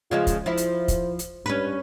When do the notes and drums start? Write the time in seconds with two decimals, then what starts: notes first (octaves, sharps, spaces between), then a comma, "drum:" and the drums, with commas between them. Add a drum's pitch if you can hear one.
0.11 C#3 F3 G#3 F4
0.27 drum: kick, hi-hat
0.46 F3 E4 C5
0.57 drum: hi-hat
0.88 drum: kick, hi-hat
1.19 drum: hi-hat
1.46 G2 C#4 B4